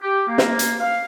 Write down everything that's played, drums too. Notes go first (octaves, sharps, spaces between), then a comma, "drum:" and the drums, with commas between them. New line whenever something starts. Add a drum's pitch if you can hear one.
G4
A#3
drum: snare
drum: hi-hat
F5